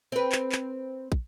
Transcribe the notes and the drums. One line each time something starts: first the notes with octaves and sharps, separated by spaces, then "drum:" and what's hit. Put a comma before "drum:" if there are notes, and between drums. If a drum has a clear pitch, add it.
C4 B4
drum: clap
drum: clap
drum: kick